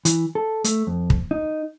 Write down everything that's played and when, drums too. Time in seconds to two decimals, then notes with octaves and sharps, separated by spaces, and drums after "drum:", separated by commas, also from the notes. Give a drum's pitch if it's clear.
0.05 E3, drum: hi-hat
0.35 A4
0.64 A3, drum: hi-hat
0.87 F2
1.10 drum: kick
1.31 D#4